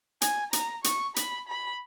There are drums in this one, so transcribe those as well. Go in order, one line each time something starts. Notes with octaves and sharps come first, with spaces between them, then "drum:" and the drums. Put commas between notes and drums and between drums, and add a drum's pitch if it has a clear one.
G#5, drum: hi-hat
A#5, drum: hi-hat
C#6, drum: hi-hat
B5, drum: hi-hat
B5